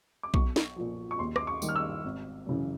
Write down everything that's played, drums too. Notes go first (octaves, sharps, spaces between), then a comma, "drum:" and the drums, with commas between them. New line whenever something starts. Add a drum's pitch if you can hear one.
D6
B1 C#6, drum: kick B1
drum: snare
A#2 F3
C#6
D#2 C6
D6, drum: rim click
C#6
D#3 G3, drum: tambourine
F6
E6
G#1
F#2 C#3 E3